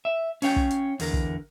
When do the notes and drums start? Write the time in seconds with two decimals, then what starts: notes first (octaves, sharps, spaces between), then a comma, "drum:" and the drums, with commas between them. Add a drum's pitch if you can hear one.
0.05 E5
0.42 C#4 C#5 F5 G5, drum: open hi-hat
0.56 drum: kick
0.70 drum: hi-hat
1.00 E2 D3 A#4, drum: open hi-hat
1.13 drum: kick